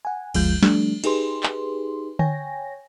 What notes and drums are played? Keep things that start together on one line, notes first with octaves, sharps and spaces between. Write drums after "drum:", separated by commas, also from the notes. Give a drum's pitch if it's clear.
F#5 G#5
G1 D2 F3 G#3 F4 G6, drum: cymbal
F3 G3 A3 D4, drum: snare
D#4 G4 G#4 B4 C6, drum: cymbal
drum: clap
C#5 G5 G#5 A#6, drum: tom D3